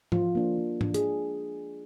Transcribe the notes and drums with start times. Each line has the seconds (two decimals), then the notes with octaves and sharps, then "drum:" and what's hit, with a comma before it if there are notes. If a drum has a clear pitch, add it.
0.12 F3 F4, drum: tom
0.35 A#3 D4
0.58 F3
0.81 A#3 D4, drum: tom
0.94 G#4, drum: hi-hat